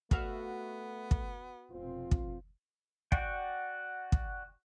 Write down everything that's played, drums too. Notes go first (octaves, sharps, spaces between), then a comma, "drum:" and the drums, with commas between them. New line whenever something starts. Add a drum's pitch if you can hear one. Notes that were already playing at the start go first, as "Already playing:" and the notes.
A3 B3 F#4 E5 F5, drum: kick
drum: kick
F1 B2 C4 F4
drum: kick
F#4 D5 F#5 G5, drum: kick
drum: kick